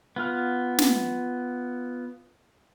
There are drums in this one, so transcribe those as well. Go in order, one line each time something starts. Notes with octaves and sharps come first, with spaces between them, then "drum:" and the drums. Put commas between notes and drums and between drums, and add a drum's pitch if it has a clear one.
B3 F4 F6
drum: snare